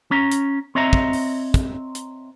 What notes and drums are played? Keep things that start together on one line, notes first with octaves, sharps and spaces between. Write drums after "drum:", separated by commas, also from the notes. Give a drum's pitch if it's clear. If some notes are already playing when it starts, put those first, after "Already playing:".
C#4 A#5
drum: hi-hat
C4 C#5 D#5 E5 A#5
drum: kick
drum: open hi-hat
drum: kick, hi-hat
drum: hi-hat